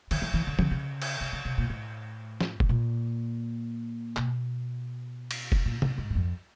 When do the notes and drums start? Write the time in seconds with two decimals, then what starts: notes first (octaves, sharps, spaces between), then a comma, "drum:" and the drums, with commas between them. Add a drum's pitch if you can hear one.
0.11 D#3, drum: cymbal
0.22 E3
0.34 E3
0.47 D3
0.59 D3, drum: tom F3
0.71 C#3
1.02 drum: cymbal
1.21 C#3
1.33 C#3
1.45 C3
1.58 A#2
1.70 A2
2.41 drum: snare
2.60 A2, drum: kick F1
2.69 A#2
4.17 B2, drum: clap
5.31 drum: cymbal
5.52 drum: kick F1
5.66 A#2
5.82 A2, drum: tom C3
5.98 G#2
6.10 F#2
6.15 F2